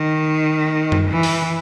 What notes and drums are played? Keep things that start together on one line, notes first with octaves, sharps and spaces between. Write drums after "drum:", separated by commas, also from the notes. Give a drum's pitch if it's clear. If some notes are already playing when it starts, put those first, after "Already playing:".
Already playing: D#3
drum: tom F#2
E3
drum: open hi-hat